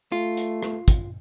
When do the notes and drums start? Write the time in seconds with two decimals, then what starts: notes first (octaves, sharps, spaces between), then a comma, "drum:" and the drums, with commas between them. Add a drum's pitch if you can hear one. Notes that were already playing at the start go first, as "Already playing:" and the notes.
0.12 A3 F4
0.37 drum: hi-hat
0.63 drum: rim click
0.88 drum: kick, hi-hat